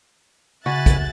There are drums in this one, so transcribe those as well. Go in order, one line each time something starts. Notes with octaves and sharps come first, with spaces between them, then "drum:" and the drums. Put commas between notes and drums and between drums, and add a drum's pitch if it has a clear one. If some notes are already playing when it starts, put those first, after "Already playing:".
C#3 F#4 E5 G#5 B5 F#6 A6
drum: kick, hi-hat